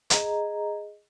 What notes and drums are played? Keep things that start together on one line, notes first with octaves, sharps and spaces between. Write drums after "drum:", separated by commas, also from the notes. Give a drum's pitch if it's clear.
G#4 D#5 A#5, drum: hi-hat